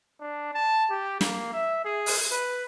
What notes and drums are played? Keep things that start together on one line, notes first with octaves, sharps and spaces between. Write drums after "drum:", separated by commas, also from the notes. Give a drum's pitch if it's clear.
D4
A5
G4
A#3, drum: snare
E5
G#4
drum: open hi-hat
B4